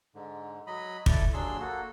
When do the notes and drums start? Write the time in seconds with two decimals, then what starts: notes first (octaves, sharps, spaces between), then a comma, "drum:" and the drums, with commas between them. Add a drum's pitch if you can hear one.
0.15 G#2 D3
0.67 F#3 D#5 B5
1.06 E4 A4 D5, drum: kick
1.33 D#2 F#3 D4 G#4 C6 E6
1.60 A#3 F#4 A4